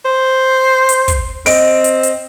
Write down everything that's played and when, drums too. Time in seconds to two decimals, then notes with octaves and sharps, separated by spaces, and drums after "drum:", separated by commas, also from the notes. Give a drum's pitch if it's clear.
0.05 C5
0.89 drum: hi-hat
1.08 drum: kick, hi-hat
1.46 C4 D#5 D7, drum: open hi-hat
1.84 drum: hi-hat
2.03 drum: hi-hat